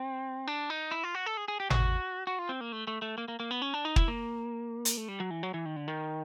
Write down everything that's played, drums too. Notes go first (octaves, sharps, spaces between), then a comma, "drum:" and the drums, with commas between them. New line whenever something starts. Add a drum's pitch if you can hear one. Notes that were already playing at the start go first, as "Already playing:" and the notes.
Already playing: C4
D4
D#4
E4
F4
F#4
A4
G#4
G#4
G4
F#4, drum: tom G#1
F#4
F4
C4
A#3
A3
A3
A3
A#3
A#3
A#3
B3
C#4
D4
D#4
E4, drum: kick
A#3
drum: hi-hat
A3
G3
F#3
E3
F#3
E3
D#3
D3
D#3